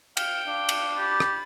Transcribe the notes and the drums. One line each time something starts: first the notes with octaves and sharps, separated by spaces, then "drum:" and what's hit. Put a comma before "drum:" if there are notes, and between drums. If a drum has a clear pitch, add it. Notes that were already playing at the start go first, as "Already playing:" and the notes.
F5 G5, drum: cymbal
D4 F5
drum: cymbal
G4 B5 A6
drum: rim click